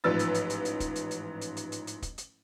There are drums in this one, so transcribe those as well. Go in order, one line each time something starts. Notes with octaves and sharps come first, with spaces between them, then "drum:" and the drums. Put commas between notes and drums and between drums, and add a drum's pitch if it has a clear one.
A1 G#2 F3 B4 E6 A6
drum: hi-hat
drum: hi-hat
drum: hi-hat
drum: hi-hat
drum: kick, hi-hat
drum: hi-hat
drum: hi-hat
drum: hi-hat
drum: hi-hat
drum: hi-hat
drum: hi-hat
drum: kick, hi-hat
drum: hi-hat